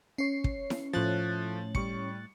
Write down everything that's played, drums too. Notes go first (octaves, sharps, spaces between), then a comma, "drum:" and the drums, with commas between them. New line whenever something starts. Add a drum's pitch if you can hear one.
C#4 C#5 C7
drum: kick
drum: snare E4
A2 F3 A3 F#6 A6
G3 C#6 C#7, drum: kick